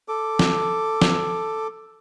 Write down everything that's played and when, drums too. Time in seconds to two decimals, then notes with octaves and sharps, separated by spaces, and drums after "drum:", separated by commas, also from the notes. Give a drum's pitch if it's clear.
0.08 A4 D6
0.39 drum: snare
1.02 drum: snare